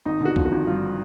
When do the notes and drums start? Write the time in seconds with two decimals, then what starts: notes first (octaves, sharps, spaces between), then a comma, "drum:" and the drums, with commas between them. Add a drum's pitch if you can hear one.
0.05 G#1 D#4
0.21 D3 F#4
0.36 F3, drum: kick
0.46 F#4
0.52 G#1
0.67 G2 F4